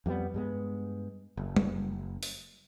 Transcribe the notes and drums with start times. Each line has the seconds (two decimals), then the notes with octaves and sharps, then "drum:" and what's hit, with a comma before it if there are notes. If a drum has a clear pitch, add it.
0.06 F2 G3 A3 B3
0.34 G2 G#3 B3
1.37 F#1
1.56 drum: tom G3
2.23 drum: open hi-hat